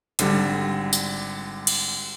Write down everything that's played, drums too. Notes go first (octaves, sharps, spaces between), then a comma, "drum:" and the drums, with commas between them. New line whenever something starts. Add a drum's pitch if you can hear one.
G#1 D3 G3, drum: hi-hat
drum: tambourine
drum: cymbal